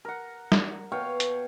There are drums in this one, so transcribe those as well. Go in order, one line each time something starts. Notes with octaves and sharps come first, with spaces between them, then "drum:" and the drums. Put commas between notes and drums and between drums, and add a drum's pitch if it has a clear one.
A#4 F#5
drum: snare
B2 C#5 F5 G5
drum: hi-hat